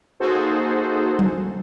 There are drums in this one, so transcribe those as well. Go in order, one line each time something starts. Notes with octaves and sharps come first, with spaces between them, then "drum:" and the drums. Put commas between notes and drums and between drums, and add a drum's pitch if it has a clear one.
A#3 D#4 F#4 G#4 A4 C5
drum: tom F#3